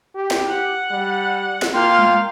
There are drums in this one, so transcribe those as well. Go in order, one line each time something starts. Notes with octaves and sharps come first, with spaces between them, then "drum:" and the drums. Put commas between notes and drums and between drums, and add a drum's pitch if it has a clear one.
G4
drum: snare
F#5
G3
drum: snare
A#3 F4 F5 G5 C6
drum: tom G3